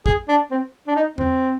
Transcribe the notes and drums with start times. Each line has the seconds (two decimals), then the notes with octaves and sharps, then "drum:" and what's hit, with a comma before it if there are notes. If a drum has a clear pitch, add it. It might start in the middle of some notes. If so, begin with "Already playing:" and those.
0.06 G#4, drum: kick
0.28 D4
0.51 C4
0.87 D4
0.95 D#4
1.18 C4, drum: tom E2